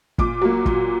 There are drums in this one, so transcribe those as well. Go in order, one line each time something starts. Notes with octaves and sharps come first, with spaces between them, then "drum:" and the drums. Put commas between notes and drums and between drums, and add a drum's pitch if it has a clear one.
A#2 D6, drum: kick G1
F#3 A#3
A#2, drum: kick G1